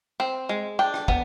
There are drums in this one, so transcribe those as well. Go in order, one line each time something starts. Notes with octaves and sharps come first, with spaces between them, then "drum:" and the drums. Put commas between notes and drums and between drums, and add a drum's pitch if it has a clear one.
C4
G#3
D4 G5
drum: rim click
B3, drum: kick